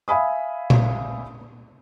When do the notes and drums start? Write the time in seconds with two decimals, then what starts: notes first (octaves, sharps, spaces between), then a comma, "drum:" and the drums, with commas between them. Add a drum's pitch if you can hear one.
0.08 E5 F5 G#5 B5 D#6
0.70 drum: tom A#2